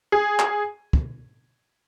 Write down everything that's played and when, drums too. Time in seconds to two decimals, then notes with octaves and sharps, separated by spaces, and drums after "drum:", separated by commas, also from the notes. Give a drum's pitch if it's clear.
0.12 G#4
0.39 drum: clap
0.93 drum: kick